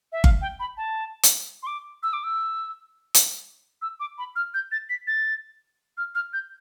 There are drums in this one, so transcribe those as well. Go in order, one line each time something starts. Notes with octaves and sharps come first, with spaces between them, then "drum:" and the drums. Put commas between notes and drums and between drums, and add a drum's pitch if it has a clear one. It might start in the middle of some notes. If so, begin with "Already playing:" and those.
E5
F5, drum: kick G1
G5
B5
A5
drum: hi-hat
C6
D6
E6
D6
E6
drum: hi-hat
E6
D6
B5
F6
G6
A6
B6
A6
F6
F6
G6